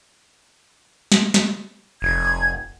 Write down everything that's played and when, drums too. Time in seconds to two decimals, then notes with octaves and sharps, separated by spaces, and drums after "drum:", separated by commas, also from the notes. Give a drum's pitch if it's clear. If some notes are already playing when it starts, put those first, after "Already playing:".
1.12 drum: snare
1.34 drum: snare
2.02 F1 G#6